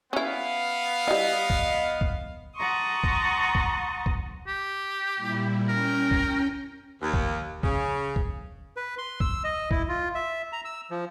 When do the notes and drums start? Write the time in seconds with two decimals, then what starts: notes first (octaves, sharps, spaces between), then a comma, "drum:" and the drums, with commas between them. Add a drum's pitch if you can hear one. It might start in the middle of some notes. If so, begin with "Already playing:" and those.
0.13 B3 C#4 E4 F5
1.08 G3 E4 D#5
1.50 drum: kick F1
2.01 drum: kick F1
2.56 F#5 A5 A#5 C6 C#6 D#6
3.04 drum: kick F1
3.55 drum: kick F1
4.06 drum: kick F1
4.48 G4
5.16 A#2 G3 E4
5.69 C#4 A#4 G5
6.11 drum: kick F1
7.02 D#2
7.14 drum: kick F1
7.63 C#3, drum: kick F1
8.16 drum: kick F1
8.77 B4
8.98 C6
9.20 E6, drum: kick F1
9.44 D#5
9.71 E4, drum: kick F1
9.89 F4
10.15 E5
10.53 A#5
10.65 E6
10.91 F3